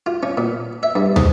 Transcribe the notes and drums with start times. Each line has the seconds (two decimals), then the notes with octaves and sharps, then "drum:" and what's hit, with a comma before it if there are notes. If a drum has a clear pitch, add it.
0.06 F4
0.23 C#4
0.38 A#2
0.83 E5
0.96 G2
1.16 G#2, drum: tom